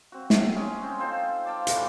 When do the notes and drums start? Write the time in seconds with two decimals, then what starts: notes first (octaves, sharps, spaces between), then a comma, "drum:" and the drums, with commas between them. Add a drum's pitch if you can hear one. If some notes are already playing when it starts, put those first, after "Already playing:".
0.12 C4 F#4
0.30 drum: snare
0.55 G#3 C#4 G#4
0.82 C4 G5
0.98 D#4 F4 A4 C5
1.46 F5 G5 A5 D6
1.67 D3 E3 G3 A3, drum: hi-hat